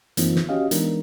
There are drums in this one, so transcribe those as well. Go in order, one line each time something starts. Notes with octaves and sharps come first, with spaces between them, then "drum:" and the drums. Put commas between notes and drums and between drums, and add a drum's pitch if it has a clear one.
F#2 E3 A#3 C4 D#4 F4, drum: hi-hat
drum: snare
C#4 F#4 G4 D#5 F5
E3 G#3 B3 D4 D#4 A#4, drum: hi-hat